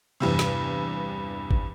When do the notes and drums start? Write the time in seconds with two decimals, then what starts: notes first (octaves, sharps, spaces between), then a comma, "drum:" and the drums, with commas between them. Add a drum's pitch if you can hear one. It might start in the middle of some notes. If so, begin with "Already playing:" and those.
0.20 E2 G2 C3
0.39 drum: snare
1.51 drum: kick